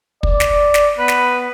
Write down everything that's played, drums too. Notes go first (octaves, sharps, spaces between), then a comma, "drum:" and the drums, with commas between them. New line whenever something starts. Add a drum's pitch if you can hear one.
D5, drum: kick
drum: snare
drum: snare
B3 B4
drum: snare